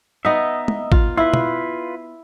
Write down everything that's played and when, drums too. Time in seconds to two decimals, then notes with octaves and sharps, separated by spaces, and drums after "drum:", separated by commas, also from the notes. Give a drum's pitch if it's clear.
0.25 B3 D#4 D#5 E5
0.68 drum: tom
0.92 F4, drum: kick
1.17 E4 F4 B4
1.34 drum: tom